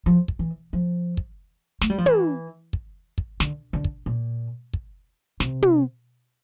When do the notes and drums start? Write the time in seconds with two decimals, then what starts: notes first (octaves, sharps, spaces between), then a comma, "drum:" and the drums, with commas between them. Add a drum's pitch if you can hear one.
0.06 F3
0.28 drum: kick
0.39 E3
0.73 F3
1.17 drum: kick
1.81 A3, drum: snare
1.90 G3
1.98 F3
2.06 E3, drum: tom
2.73 drum: kick
3.18 drum: kick
3.40 D3, drum: snare
3.73 D3
3.84 drum: kick
4.06 A#2
4.73 drum: kick
5.40 C3, drum: snare
5.63 drum: tom